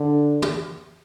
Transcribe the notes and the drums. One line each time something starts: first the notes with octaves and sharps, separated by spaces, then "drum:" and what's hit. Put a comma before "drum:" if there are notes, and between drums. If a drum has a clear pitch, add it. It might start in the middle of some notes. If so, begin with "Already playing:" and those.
Already playing: D3
drum: tom